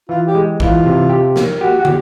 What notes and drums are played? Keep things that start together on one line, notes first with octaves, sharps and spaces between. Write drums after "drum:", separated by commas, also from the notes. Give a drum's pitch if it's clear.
E3 F4
G4
G#3
E3 F4, drum: kick
C3
G4
A#3, drum: snare
F#4 G4
F#4
G4, drum: tom